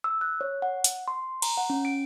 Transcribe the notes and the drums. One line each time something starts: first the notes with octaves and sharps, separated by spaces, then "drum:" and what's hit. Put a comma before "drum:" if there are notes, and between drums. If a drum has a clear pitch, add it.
E6
F#6
C#5
F#5
drum: hi-hat
C6
A#5, drum: cymbal
F#5
C#4
D7